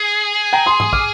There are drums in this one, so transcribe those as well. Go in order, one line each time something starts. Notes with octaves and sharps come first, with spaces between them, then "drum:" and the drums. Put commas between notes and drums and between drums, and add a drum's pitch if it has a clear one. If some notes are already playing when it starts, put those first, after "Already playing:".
Already playing: G#4
G5 A#5
C6 D#6
C6 D#6, drum: tom G#2
D6 F6, drum: kick